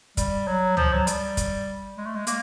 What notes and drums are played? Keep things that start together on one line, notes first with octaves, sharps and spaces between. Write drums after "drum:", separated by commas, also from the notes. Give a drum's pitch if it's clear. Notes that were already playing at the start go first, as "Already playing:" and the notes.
G3, drum: kick, hi-hat
F#3
F3, drum: tom C#2
F#3
G3, drum: hi-hat
drum: kick, hi-hat
G#3
A3
G#3
A#3, drum: hi-hat